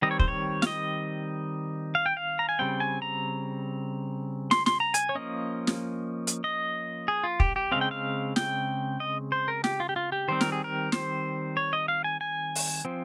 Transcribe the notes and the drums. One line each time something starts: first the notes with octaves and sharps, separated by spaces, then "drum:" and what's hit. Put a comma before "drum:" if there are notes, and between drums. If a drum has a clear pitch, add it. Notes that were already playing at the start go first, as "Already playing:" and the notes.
D#3 G3 C4 D#5
C#5
C5, drum: kick
C#5
F5, drum: snare
D#5
F5
G5
F5
A#5
G#5
C#3 G3 C4 G5
G#5
A#5
C6, drum: snare
C6, drum: snare
A#5
G#5, drum: hi-hat
C#5
F3 A#3 C#4 D#5
drum: snare
drum: hi-hat
D#5
G#4
F4
G4, drum: kick
G4
C#3 F3 G#3 C4 F5
G5
F5
G5, drum: snare
D#5
C5
A#4
G4, drum: snare
F4
G4
F4
G4
D#3 G3 C4 C5
A#4, drum: snare
G#4
A#4
C5, drum: snare
C#5
D#5
F5
G#5
G#5
drum: open hi-hat
F3 C4